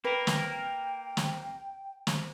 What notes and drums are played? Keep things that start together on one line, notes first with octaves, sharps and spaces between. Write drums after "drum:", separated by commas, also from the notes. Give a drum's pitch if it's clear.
A#3 A#4 B4 G5
drum: snare
drum: snare
drum: snare